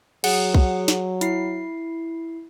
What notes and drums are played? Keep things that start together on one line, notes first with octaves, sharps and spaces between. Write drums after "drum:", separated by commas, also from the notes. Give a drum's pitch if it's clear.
F#3 G#4 F#5, drum: cymbal
drum: kick B1
drum: snare
E4 C7, drum: hi-hat